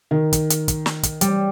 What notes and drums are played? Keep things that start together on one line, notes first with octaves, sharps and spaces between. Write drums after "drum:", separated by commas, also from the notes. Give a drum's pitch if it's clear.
D#3
drum: kick, hi-hat
drum: hi-hat
drum: kick, hi-hat
drum: snare
drum: kick, hi-hat
G3, drum: hi-hat